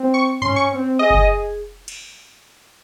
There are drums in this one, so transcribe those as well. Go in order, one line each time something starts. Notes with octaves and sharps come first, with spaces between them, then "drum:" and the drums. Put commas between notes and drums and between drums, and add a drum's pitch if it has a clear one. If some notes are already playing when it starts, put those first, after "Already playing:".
Already playing: C4
C#6
C#4 C6, drum: tom G2
C#6
C4
G#4 D#5
drum: kick F#1
drum: cymbal